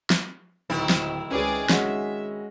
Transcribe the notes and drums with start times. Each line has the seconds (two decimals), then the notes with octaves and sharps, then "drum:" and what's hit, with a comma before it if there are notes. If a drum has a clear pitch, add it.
0.10 drum: snare
0.70 D1 D#3 C4 E4
0.89 drum: snare
1.31 C#2 G#3 C#4 G#4 B4 D5
1.70 G#3 C#4 F#4 E5, drum: snare